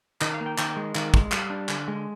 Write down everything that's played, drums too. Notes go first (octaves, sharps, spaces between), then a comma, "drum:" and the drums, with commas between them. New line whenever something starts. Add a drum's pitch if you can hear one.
D#3 D#5, drum: clap
F5
A#3
G5
D#3 G5, drum: clap
G#3
D#3, drum: clap
G#3, drum: kick
G3 F5, drum: clap
D4
D3, drum: clap
G#3